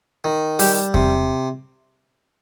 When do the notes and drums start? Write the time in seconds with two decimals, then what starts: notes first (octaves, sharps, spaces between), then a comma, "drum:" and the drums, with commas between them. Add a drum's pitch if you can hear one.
0.24 D#3
0.59 G3 G4, drum: open hi-hat
0.94 C3, drum: kick E2